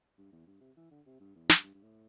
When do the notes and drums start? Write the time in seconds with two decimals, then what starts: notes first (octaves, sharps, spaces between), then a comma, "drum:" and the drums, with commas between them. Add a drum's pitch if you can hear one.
0.18 G2
0.32 E2
0.47 G2
0.61 C3
0.76 E3
0.91 D3
1.06 C3
1.20 G2
1.35 E2
1.49 G2, drum: snare
1.64 G2
1.74 G2
1.83 A2